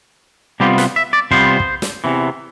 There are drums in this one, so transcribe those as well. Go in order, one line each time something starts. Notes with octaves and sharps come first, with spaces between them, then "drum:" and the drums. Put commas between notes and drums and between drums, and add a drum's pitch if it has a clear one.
C3 G3 B3 F4 G4
B4, drum: snare
E5
D5
C3 G3 B3 F4 C5, drum: kick
drum: kick
drum: snare
E2 C3 E3